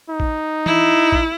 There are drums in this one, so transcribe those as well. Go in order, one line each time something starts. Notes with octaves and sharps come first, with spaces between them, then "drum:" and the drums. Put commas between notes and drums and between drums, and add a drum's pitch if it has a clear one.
D#4
drum: kick A1
E4, drum: tom E3
drum: kick A1